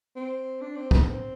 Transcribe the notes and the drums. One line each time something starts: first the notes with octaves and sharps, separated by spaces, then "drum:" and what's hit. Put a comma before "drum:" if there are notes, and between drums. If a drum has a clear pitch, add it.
C4
D4
C4
B3, drum: kick
C4